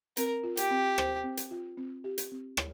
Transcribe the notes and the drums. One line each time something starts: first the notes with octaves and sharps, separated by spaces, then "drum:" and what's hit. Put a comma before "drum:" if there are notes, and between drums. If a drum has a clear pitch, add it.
C4 A#4, drum: hi-hat
F4
G4, drum: hi-hat
C4
C5, drum: rim click
C4
drum: hi-hat
F4
C4
G4
drum: hi-hat
C4
C#5, drum: rim click